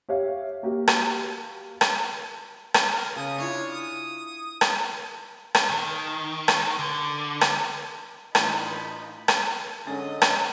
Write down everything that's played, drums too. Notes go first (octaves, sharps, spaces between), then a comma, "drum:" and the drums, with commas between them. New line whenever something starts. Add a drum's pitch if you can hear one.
G4 C#5 E5 F5
A#3 F#4 G4
drum: rim click
drum: rim click
drum: rim click
A#4
C#3 D#6
D4 E4 F4 C#5
D#6
drum: rim click
drum: rim click
D#3
drum: rim click
D3
drum: rim click
A2 E3 D4 D#4 F4 B5, drum: rim click
drum: rim click
D3 F#3 G#3 C#4 D#5 D#6 A6
drum: rim click